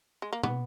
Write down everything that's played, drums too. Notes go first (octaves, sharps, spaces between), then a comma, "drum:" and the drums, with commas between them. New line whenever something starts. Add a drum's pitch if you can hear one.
G#3
A#3
B2 B3, drum: tom